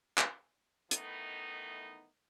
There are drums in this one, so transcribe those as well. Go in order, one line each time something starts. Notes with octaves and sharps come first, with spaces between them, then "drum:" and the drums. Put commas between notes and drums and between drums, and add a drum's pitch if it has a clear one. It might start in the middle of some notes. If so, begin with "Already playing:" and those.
drum: clap
D#3 E3 A3 B3 D#4, drum: hi-hat